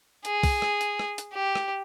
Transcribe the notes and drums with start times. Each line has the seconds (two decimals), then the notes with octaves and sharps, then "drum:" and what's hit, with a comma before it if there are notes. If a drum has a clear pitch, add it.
0.25 G#4, drum: hi-hat
0.43 drum: kick, open hi-hat
0.62 drum: rim click
0.81 drum: hi-hat
0.99 drum: rim click
1.18 drum: hi-hat
1.33 G4
1.55 drum: rim click